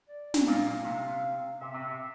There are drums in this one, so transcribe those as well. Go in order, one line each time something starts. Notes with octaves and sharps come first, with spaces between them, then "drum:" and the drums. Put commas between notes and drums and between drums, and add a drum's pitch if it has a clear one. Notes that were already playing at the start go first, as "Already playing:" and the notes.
D5
drum: snare
A#2 F5
C3
C3 E5
C3
C3